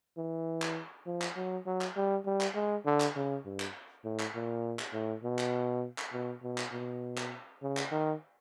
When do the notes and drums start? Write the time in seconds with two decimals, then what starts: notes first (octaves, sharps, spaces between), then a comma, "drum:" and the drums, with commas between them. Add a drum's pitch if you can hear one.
0.18 E3
0.62 drum: clap
1.06 F3
1.22 drum: clap
1.37 F#3
1.66 F#3
1.81 drum: clap
1.96 G3
2.26 G3
2.41 drum: clap
2.55 G#3
2.86 D3
3.00 drum: clap
3.16 C#3
3.45 G2
3.60 drum: clap
4.05 A2
4.19 drum: clap
4.35 A#2
4.79 drum: clap
4.93 A2
5.23 B2
5.39 drum: clap
5.98 drum: clap
6.13 B2
6.43 B2
6.58 drum: clap
6.72 B2
7.17 drum: clap
7.63 C#3
7.77 drum: clap
7.92 D#3